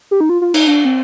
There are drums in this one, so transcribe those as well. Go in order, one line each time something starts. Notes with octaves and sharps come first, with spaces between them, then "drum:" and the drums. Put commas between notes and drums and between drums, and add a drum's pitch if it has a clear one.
G4
D#4
F4
F4
D#4, drum: cymbal
D4
C4